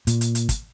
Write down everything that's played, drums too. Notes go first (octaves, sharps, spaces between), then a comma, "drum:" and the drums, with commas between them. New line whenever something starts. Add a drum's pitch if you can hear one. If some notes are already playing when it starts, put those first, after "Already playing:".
A#2, drum: hi-hat
drum: hi-hat
drum: hi-hat
drum: kick, hi-hat